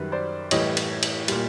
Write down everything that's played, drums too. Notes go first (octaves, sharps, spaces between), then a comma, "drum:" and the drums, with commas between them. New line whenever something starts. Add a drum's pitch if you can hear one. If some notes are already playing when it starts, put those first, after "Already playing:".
Already playing: F#2 D#3 G3 B4
C5 D5
A2 E3 G3 C#5 D#5, drum: cymbal
drum: cymbal
drum: cymbal
A#2 G3, drum: cymbal